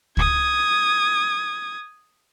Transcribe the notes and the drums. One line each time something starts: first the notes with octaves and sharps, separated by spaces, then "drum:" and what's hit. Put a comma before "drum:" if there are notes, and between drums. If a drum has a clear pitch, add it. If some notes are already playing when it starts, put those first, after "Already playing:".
D#6 G#6, drum: kick C#2